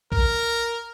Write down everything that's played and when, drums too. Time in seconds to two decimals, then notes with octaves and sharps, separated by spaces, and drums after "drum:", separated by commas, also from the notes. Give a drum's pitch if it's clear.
0.12 A#4, drum: kick